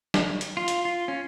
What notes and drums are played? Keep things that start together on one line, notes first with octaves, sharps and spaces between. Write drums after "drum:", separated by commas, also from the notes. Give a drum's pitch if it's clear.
drum: snare
drum: hi-hat
F4
drum: hi-hat
F4
C#4